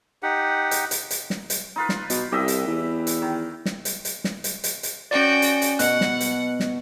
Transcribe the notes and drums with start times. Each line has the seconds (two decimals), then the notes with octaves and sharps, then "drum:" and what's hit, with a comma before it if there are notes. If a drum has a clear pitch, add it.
0.23 D#4 G4 F#5
0.71 drum: hi-hat
0.91 drum: hi-hat
1.11 drum: hi-hat
1.30 drum: snare
1.50 drum: hi-hat
1.76 D#4 F4 B4
1.89 drum: snare
2.10 B2, drum: hi-hat
2.32 C2 G4 D#5 E5
2.48 drum: hi-hat
2.67 E2
3.07 drum: hi-hat
3.22 D#3
3.66 drum: snare
3.85 drum: hi-hat
4.05 drum: hi-hat
4.24 drum: snare
4.44 drum: hi-hat
4.64 drum: hi-hat
4.83 drum: hi-hat
5.11 C#4 F#4 D5 G5
5.42 drum: hi-hat
5.62 drum: hi-hat
5.79 B2 F#5 F#6, drum: hi-hat
6.01 drum: snare
6.21 drum: hi-hat
6.60 drum: snare